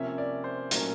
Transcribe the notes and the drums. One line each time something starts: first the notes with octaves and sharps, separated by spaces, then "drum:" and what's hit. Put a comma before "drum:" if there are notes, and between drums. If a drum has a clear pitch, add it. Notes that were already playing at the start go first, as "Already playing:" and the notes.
Already playing: C3 F3 A#3 C#4 E5
D5
C5
A#2 F#3 A3 C#4 A#4, drum: hi-hat